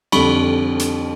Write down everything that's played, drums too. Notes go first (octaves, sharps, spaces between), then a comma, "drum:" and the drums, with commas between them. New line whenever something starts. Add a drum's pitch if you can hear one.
F2 D3 G3 B5 C#6, drum: cymbal
drum: hi-hat